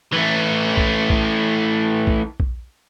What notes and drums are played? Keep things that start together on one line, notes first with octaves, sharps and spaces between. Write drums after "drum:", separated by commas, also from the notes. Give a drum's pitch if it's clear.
E3 A3
drum: kick A#1
drum: kick A#1
drum: kick A#1
drum: kick A#1